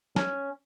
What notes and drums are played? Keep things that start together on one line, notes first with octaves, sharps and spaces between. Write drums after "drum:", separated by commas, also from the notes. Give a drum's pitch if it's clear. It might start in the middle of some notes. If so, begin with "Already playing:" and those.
C#4, drum: snare